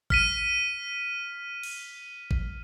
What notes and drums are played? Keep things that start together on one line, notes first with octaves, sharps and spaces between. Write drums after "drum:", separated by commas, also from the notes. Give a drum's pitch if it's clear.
F6 B6 D#7, drum: kick A1
drum: cymbal
drum: kick A1